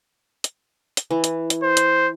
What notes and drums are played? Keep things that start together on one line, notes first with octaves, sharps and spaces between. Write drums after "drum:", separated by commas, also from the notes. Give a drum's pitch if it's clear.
drum: hi-hat
drum: hi-hat
E3
drum: hi-hat
drum: hi-hat
C5
drum: hi-hat